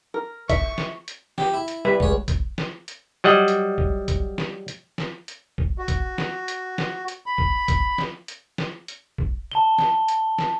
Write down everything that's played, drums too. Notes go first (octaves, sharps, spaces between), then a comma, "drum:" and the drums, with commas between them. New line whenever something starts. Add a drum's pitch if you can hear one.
A#4
E5 C#6, drum: kick A#1, hi-hat
drum: snare
drum: hi-hat
G4, drum: snare
E4
drum: hi-hat
G3 B4 E5
C#2 C#5, drum: kick A#1
drum: kick A#1, hi-hat
drum: snare
drum: hi-hat
F#3 G3 D#5 F#5
drum: hi-hat
drum: kick A#1
drum: kick A#1, hi-hat
drum: snare
drum: hi-hat
drum: snare
drum: hi-hat
drum: kick A#1
F#4
drum: kick A#1, hi-hat
drum: snare
drum: hi-hat
drum: snare
drum: hi-hat
B5
drum: kick A#1
drum: kick A#1, hi-hat
drum: snare
drum: hi-hat
drum: snare
drum: hi-hat
drum: kick A#1
A5 G7
drum: snare
drum: hi-hat
drum: snare